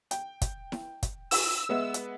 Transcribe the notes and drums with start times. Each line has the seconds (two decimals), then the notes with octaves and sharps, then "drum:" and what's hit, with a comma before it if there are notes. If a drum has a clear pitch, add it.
0.11 G5, drum: hi-hat
0.41 drum: kick, hi-hat
0.72 drum: snare E4
1.03 drum: kick, hi-hat
1.31 E6, drum: open hi-hat
1.69 G#3 B3 E5
1.94 drum: hi-hat